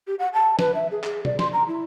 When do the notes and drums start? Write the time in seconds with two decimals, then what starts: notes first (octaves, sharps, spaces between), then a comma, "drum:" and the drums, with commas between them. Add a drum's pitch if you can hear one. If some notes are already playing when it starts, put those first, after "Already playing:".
0.07 G4
0.19 F#5
0.33 A5
0.59 B4, drum: snare
0.75 E5
0.91 G#4
1.04 G#4, drum: clap
1.25 D5, drum: tom B2
1.39 C6, drum: snare
1.53 A#5
1.67 E4